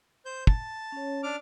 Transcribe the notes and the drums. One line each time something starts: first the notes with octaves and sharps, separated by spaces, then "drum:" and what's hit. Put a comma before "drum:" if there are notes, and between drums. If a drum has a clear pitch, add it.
C5 G6
A5, drum: kick
C#4 C#5
D4 D6 F6